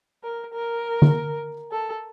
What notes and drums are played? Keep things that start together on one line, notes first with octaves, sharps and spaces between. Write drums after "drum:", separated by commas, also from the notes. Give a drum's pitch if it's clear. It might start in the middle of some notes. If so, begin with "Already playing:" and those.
A#4
A#4
drum: tom D3
A4